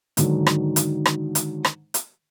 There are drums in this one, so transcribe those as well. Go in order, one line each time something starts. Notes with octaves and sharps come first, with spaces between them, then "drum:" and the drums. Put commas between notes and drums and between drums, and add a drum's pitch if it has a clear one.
G#2 D3 D#3 F#3 G#3, drum: hi-hat
drum: rim click
drum: hi-hat
drum: rim click
drum: hi-hat
drum: rim click
drum: hi-hat